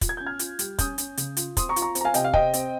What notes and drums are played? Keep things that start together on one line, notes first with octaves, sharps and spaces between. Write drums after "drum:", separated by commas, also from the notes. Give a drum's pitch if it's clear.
F4, drum: kick, hi-hat
G#6
C#4 G6
F6 G#6
F4, drum: hi-hat
G3, drum: hi-hat
C#4 D#6 G6, drum: kick, hi-hat
C#4, drum: hi-hat
C#3, drum: hi-hat
F4, drum: hi-hat
C4 C6 D#6, drum: kick, hi-hat
A#5 C#6
F4, drum: hi-hat
A#5 C#6
C4, drum: hi-hat
A#5
F5 G#5
C3 D#5 G5, drum: hi-hat
F5
C4 D#5 G5, drum: kick
C4, drum: hi-hat